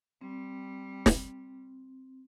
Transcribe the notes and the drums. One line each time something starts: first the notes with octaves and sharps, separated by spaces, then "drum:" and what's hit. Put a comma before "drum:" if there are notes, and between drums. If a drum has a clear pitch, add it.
G3 C4
drum: snare